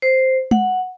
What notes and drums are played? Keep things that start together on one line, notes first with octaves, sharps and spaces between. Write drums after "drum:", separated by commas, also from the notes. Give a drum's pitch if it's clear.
C5
F#5, drum: tom